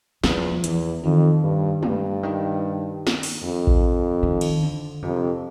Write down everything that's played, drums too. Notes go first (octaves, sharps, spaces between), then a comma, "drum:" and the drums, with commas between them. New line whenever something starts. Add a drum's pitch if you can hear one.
E2 F3, drum: snare
E2 E3, drum: hi-hat
F2 D#3
G2
G2 D3, drum: tom G#3
D#3
drum: snare
drum: open hi-hat
F2
drum: kick A1
D#3
drum: cymbal
D3
F2 C3